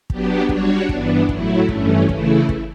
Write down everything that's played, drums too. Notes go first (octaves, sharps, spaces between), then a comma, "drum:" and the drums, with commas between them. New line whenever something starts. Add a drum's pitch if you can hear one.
F#3 B3 D4 G4, drum: kick
G3 D4 F#4 C#5, drum: kick
G2 E3 B3 D4, drum: kick
A2 F#3 A3 E4, drum: kick
G2 E3 A3 C#4, drum: kick
C#3 E3 A3 E4, drum: kick
drum: kick